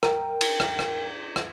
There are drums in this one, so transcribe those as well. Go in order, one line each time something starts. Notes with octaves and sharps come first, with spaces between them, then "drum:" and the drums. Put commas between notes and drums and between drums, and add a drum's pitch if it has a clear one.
A#4 G5, drum: rim click
drum: cymbal
drum: rim click
drum: rim click
drum: rim click